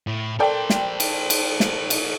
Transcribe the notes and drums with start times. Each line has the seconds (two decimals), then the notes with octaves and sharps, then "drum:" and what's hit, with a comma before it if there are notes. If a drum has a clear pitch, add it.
0.07 A2
0.39 A4 A#4 C5 D5 G5
0.70 drum: snare
1.00 drum: cymbal
1.30 drum: cymbal
1.60 drum: snare
1.90 drum: cymbal